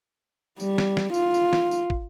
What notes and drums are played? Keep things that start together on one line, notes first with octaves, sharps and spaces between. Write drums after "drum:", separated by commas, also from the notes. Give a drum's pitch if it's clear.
G3, drum: tambourine
drum: snare
drum: snare
F4, drum: tambourine
drum: tambourine
drum: snare
drum: tambourine
drum: kick